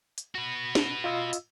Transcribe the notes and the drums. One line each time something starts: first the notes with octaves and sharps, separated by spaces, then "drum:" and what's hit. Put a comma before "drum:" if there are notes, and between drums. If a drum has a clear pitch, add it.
drum: hi-hat
F#4 B4
drum: snare
F4 D#5 E6
drum: hi-hat